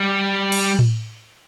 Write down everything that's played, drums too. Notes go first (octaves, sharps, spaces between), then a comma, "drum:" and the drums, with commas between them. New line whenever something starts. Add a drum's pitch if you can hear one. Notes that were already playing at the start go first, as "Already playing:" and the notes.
Already playing: G3
drum: cymbal
drum: tom A2